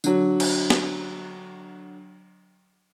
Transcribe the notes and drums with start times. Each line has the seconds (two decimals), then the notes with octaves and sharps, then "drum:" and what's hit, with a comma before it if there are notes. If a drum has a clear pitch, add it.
0.04 D3 F#3, drum: tambourine
0.40 drum: cymbal
0.70 drum: snare